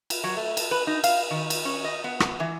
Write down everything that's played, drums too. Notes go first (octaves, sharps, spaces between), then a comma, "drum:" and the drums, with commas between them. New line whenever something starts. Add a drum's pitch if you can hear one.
drum: cymbal
F#3
A3
drum: cymbal
B4
D#4
F5, drum: cymbal
D#3
drum: cymbal
C#4
D#5
B3
drum: rim click
E3